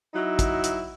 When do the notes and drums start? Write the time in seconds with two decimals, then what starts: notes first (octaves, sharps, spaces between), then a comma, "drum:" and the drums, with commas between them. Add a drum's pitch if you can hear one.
0.14 F#3 D#4 E4
0.39 drum: kick, hi-hat
0.64 drum: hi-hat